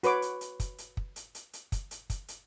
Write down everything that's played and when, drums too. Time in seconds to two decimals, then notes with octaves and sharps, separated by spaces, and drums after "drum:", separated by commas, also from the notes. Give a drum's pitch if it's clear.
0.03 F#4 B4 C#5 D6, drum: hi-hat
0.22 drum: hi-hat
0.41 drum: hi-hat
0.60 drum: kick, hi-hat
0.78 drum: hi-hat
0.97 drum: kick
1.16 drum: hi-hat
1.35 drum: hi-hat
1.53 drum: hi-hat
1.72 drum: kick, hi-hat
1.91 drum: hi-hat
2.10 drum: kick, hi-hat
2.28 drum: hi-hat